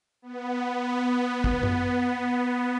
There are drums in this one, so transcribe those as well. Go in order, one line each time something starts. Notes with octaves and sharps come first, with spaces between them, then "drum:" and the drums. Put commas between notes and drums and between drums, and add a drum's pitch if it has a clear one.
B3
B3
B3, drum: kick
drum: tom F#2
B3